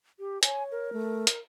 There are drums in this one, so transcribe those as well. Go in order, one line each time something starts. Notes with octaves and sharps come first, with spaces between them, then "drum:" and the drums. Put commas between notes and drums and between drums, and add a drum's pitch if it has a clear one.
G4
C#5 G#5, drum: hi-hat
A#4
A3
drum: hi-hat